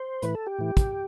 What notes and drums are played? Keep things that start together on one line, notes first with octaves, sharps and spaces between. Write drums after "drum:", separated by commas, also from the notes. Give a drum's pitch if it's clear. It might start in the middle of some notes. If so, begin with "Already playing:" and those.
Already playing: C5
A2 E3 B4, drum: hi-hat
A4
G4
A2 E3
drum: kick, hi-hat